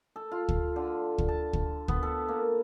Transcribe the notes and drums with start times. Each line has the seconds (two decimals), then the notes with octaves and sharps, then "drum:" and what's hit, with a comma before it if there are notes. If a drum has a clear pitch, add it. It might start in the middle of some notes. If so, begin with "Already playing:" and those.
0.16 A4
0.32 F4
0.49 drum: kick
0.76 D3
1.18 drum: kick
1.28 A5
1.53 drum: kick
1.88 B3, drum: kick
2.03 A4
2.29 A#3